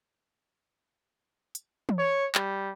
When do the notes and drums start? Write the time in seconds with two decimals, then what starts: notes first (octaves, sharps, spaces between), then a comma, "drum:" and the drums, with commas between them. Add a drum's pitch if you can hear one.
1.55 drum: hi-hat
1.89 drum: tom E3
1.98 C#5
2.35 G3, drum: clap